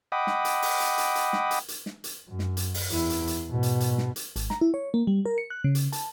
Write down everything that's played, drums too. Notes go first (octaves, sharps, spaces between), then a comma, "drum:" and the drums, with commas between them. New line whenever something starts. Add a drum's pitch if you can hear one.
D#5 F#5 G5 B5 D6 D#6
drum: snare
drum: hi-hat
drum: open hi-hat
drum: hi-hat
drum: hi-hat
drum: hi-hat
drum: snare
drum: hi-hat
drum: hi-hat
drum: snare
drum: hi-hat
F#2
drum: snare
drum: hi-hat
drum: open hi-hat
E2 E4, drum: hi-hat
drum: hi-hat
drum: hi-hat
G#2 B2
drum: hi-hat
drum: hi-hat
drum: snare
drum: hi-hat
G#1, drum: hi-hat
A#5, drum: snare
E4
C#5
A#3
G3
A#4
C#7
F#6
C#3
drum: hi-hat
A5, drum: hi-hat